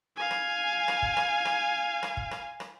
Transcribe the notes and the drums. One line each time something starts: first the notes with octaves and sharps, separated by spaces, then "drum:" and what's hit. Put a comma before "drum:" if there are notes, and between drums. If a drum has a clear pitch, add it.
F5 G#5
drum: rim click
drum: rim click
drum: kick
drum: rim click
drum: rim click
drum: rim click
drum: kick
drum: rim click
drum: rim click